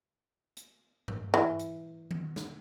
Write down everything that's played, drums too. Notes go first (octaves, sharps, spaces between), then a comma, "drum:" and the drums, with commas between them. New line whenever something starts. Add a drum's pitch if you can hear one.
drum: hi-hat
drum: tom G2
E3
drum: hi-hat
drum: tom D#3
drum: snare